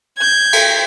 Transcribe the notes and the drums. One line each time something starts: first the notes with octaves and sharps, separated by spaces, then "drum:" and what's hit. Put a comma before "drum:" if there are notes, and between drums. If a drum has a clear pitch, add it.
G6 G#6
drum: cymbal